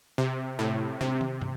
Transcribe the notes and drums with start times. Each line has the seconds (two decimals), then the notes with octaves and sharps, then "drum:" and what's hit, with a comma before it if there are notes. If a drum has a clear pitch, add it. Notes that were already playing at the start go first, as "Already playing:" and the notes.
0.18 C3
0.59 A2
1.01 C3, drum: tom
1.21 drum: tom
1.41 drum: tom